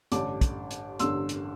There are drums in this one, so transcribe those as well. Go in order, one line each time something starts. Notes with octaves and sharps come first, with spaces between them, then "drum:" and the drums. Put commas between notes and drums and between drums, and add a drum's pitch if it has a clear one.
A1 G2 D3 A5 D6, drum: hi-hat
drum: kick, hi-hat
drum: hi-hat
A1 G2 D3 C6 E6, drum: hi-hat
drum: hi-hat